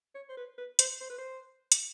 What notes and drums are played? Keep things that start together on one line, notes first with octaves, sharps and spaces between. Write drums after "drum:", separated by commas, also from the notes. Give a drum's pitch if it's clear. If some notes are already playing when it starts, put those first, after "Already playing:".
C#5
C5
B4
B4
C5, drum: hi-hat
C5
B4
C5
drum: hi-hat